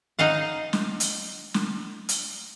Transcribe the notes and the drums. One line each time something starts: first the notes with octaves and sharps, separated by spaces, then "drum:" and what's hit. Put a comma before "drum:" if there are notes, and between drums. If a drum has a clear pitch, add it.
D#4 D#5 F5 F#5
drum: snare
drum: hi-hat
drum: snare
drum: hi-hat